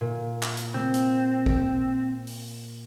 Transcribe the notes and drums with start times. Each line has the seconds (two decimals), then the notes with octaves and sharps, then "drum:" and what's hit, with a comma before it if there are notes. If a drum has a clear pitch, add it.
0.01 A#2
0.43 drum: clap
0.57 drum: hi-hat
0.74 C4, drum: tom C3
0.94 drum: hi-hat
1.46 drum: kick
2.27 drum: open hi-hat